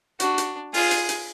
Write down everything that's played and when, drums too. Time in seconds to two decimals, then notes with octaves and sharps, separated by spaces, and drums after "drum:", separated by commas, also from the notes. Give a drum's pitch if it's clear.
0.20 D4 F#4, drum: hi-hat
0.38 drum: hi-hat
0.74 F4 G#4, drum: open hi-hat
0.91 drum: hi-hat
1.09 drum: hi-hat